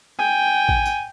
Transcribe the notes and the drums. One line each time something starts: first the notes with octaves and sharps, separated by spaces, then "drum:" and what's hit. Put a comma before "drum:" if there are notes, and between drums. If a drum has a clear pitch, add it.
G5 G#5
drum: kick A1
drum: tambourine